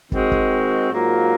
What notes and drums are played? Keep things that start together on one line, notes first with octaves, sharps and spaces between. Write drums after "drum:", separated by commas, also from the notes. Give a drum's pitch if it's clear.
D#3 G#3 C4 F#4, drum: kick
drum: kick
G#2 F#3 A#3 F4